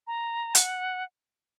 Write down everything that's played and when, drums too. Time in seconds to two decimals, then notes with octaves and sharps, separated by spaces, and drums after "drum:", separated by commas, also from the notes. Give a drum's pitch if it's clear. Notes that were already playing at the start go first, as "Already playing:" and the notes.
0.07 A#5
0.55 F#5, drum: hi-hat